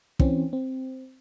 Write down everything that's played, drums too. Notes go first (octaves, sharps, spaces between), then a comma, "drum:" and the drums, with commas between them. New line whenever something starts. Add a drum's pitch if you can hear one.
E3 C4 C#4, drum: kick
C4